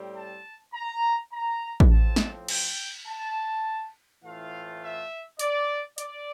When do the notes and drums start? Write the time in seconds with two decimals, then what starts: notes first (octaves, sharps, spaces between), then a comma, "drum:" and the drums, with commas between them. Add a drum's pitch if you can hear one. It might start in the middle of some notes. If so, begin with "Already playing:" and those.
Already playing: A2 G3 C4
0.15 A5
0.73 A#5
1.32 A#5
1.80 drum: kick A1
1.90 A2 F3 C4 A5
2.16 drum: snare
2.48 G5, drum: cymbal
3.07 A5
4.23 A2 E3 A3 C4 F4 F5
4.82 E5
5.39 D5, drum: hi-hat
5.98 D5, drum: hi-hat